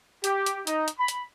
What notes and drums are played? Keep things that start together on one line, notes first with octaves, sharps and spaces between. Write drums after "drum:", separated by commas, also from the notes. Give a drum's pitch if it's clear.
G4, drum: hi-hat
drum: hi-hat
D#4, drum: hi-hat
drum: hi-hat
B5
drum: hi-hat